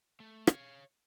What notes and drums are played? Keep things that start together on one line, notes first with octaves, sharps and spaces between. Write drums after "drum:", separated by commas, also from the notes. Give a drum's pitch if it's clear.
A3
C#5 F5, drum: rim click